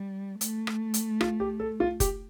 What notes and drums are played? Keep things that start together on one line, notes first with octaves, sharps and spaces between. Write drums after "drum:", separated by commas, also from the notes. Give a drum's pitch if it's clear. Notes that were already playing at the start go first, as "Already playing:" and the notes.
Already playing: G3
A3, drum: hi-hat
drum: rim click
drum: hi-hat
F4, drum: rim click
G4
A4
F4
G4, drum: kick F1, hi-hat